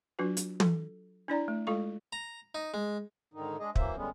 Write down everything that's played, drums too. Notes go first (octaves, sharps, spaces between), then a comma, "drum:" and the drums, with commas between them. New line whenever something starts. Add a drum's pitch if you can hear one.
F#3 D4 F4 F#4 B4
drum: hi-hat
A4, drum: tom
D4 E4 D5 A#5
A3
G#3 F4 A4 F5 C#6
A#5
D#4
G#3
G#2 D3 D#3 D#4
G#3 D4 G#4 D#5
E3 F#3 A#3 C5 E5, drum: kick
D3 G3 G#3 B3 C#4